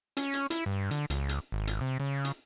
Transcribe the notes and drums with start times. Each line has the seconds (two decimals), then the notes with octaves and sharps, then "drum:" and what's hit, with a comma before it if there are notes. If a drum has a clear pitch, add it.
0.17 C#4, drum: hi-hat
0.34 drum: hi-hat
0.50 E4, drum: hi-hat
0.66 G2
0.91 D3, drum: hi-hat
1.10 C#2, drum: hi-hat
1.29 drum: hi-hat
1.52 G#1
1.67 drum: hi-hat
1.81 C3
2.00 C#3
2.25 drum: hi-hat